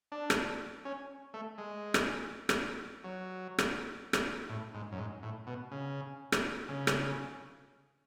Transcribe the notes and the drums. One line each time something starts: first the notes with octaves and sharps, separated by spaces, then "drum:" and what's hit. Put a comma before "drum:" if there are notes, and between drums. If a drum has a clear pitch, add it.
D4
drum: rim click
C#4
A3
G#3
drum: rim click
drum: rim click
F#3
drum: rim click
drum: rim click
A2
G#2
F#2
G#2
A2
B2
C#3
drum: rim click
C#3
drum: rim click